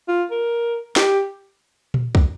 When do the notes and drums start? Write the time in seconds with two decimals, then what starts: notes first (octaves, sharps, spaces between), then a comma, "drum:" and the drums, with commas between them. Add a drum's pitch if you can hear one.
0.08 F4
0.31 A#4
0.96 G4, drum: snare
1.94 drum: tom A#2
2.15 drum: kick